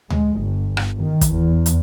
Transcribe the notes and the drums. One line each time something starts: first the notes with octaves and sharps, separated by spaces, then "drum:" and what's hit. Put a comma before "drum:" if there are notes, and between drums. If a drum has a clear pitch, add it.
G#3, drum: tom D2
G1
drum: rim click
D#3
drum: kick, hi-hat
E2
drum: hi-hat